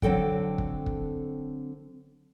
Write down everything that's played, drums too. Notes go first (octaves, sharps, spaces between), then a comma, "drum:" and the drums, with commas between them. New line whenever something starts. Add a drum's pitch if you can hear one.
D3 F#3 C4 A4 G5, drum: kick
drum: kick
drum: kick